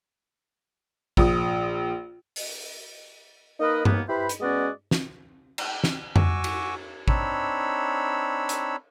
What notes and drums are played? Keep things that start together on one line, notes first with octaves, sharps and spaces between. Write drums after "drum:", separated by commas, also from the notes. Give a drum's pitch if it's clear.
A#1 D#6, drum: kick A1
drum: open hi-hat
A#3 D#4 A#4 B4 D#5
D#2 A#3 B3, drum: tom G2
E4 G4 B4 C5 B5
drum: hi-hat
G#3 B3 C#4 F#4 D5 D#5
drum: snare
drum: cymbal
drum: snare
F#4 G#5 C#6 D6 E6, drum: tom F2
drum: cymbal
C4 D4 D#4 C#5 B5 E6, drum: kick A1
drum: hi-hat